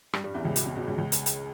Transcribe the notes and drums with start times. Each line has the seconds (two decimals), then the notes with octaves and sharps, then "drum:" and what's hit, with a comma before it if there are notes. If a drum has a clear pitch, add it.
0.13 G2 G3, drum: rim click
0.24 G2 G3
0.34 E2 E3
0.45 C#2 C#3
0.56 B2, drum: hi-hat
0.66 B2
0.77 B2
0.87 C#2 C#3
0.98 C#2 C#3
1.12 drum: hi-hat
1.26 drum: hi-hat